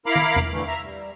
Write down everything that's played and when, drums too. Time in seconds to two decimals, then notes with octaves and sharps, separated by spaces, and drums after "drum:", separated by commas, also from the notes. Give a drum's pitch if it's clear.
0.06 E4 A#4 F5 A#5 B5 D6
0.16 drum: tom
0.36 drum: tom E2
0.51 A2 D3 E3 A3
0.67 E5 A#5
0.82 G3